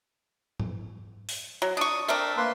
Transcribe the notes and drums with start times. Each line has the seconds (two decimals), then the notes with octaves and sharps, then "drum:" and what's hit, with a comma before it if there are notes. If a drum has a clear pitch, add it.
0.60 drum: tom G#2
1.29 drum: open hi-hat
1.62 F#3
1.77 D4 C#6 D#6
2.08 A3 C4 D4 A#4
2.37 A#3 B4 C6